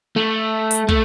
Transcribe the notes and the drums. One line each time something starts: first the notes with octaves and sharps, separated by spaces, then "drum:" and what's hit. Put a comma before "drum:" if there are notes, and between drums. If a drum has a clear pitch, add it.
A3
drum: hi-hat
A3, drum: kick